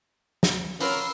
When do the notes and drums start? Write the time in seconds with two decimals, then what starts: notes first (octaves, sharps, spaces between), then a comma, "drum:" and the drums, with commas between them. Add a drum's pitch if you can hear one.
0.43 drum: snare
0.80 F#3 C#4 F4 A#4 B4 C6 E6, drum: open hi-hat